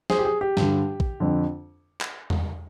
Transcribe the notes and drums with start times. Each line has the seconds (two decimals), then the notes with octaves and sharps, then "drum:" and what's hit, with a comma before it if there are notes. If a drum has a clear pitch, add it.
0.10 G#4 C5, drum: snare
0.19 G4
0.25 G#4
0.41 G4
0.57 G2 D3, drum: snare
1.00 drum: kick A#1
1.20 F2 D3
2.01 drum: clap
2.30 drum: tom